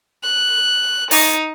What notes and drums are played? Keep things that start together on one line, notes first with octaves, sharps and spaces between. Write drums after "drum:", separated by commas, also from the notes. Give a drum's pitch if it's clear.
F#6
D#4, drum: open hi-hat